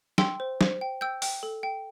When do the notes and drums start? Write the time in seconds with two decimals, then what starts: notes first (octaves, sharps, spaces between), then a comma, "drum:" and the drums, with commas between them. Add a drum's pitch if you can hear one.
0.18 G5 C6 E6, drum: snare
0.40 C5
0.61 C5, drum: snare
0.81 G5
1.01 G5 E6 G6
1.22 G5, drum: open hi-hat
1.43 A4
1.63 G5